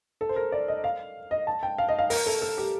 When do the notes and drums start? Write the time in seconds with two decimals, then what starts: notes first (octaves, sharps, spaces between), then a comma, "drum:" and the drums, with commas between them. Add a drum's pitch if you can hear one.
0.21 A4
0.29 C5
0.36 A#4
0.52 D5
0.68 D#5
0.84 F5
1.31 D#5
1.47 A5
1.63 G5
1.78 F5
1.89 D#5
1.99 F5
2.10 A#4, drum: open hi-hat
2.26 A4
2.42 A4
2.58 G4